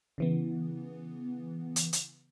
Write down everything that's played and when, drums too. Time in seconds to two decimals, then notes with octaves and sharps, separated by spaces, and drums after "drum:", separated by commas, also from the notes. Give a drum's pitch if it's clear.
0.18 C#3 E3 B3
1.76 drum: hi-hat
1.93 drum: hi-hat